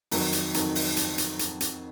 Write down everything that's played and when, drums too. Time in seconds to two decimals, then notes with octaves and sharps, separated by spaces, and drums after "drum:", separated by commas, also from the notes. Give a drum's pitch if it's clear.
0.11 F2 D#3 F#3, drum: open hi-hat
0.33 drum: hi-hat
0.54 F2 D#3 F#3, drum: hi-hat
0.75 drum: open hi-hat
0.97 drum: hi-hat
1.18 drum: hi-hat
1.39 drum: hi-hat
1.61 drum: hi-hat